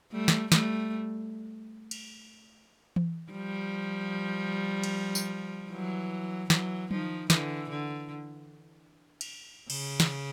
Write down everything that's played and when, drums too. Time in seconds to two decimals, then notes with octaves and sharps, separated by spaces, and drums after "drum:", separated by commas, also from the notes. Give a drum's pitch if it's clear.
0.12 G3 A3
0.28 drum: snare
0.52 G3 A3, drum: snare
1.91 drum: cymbal
2.96 drum: tom E3
3.31 F3 G3
4.84 drum: cymbal
5.15 drum: tambourine
5.71 E3 F#3
6.50 E3 F#3, drum: snare
6.91 D#3 F3, drum: tom F#3
7.30 D3 E3, drum: snare
7.70 D3
9.21 drum: cymbal
9.70 C#3, drum: cymbal
10.00 drum: snare